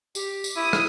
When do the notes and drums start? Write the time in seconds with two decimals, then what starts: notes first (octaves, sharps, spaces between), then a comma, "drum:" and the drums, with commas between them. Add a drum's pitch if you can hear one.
0.15 G4, drum: tambourine
0.44 drum: tambourine
0.57 E4 D#6
0.73 drum: rim click